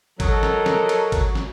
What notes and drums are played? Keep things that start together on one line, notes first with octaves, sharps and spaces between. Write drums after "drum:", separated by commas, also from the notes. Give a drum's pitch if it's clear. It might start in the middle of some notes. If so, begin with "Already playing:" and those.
F#3 A4 A#4 D#5, drum: kick G#1, cymbal
drum: snare
drum: snare
drum: cymbal
drum: kick G#1, cymbal
drum: snare